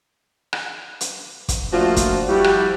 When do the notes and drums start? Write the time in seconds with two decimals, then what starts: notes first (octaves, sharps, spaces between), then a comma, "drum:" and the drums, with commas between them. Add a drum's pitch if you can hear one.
0.53 drum: rim click
1.01 drum: hi-hat
1.49 drum: kick, hi-hat
1.72 F3 A3 A#3 D4 F4 F#4
1.96 drum: kick, hi-hat
2.29 F3 G3 E4 F#4 G4
2.44 drum: rim click